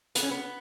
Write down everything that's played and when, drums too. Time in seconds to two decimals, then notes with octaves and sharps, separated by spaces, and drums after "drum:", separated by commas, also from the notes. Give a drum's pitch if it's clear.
0.15 B3, drum: hi-hat
0.23 C#4
0.31 B3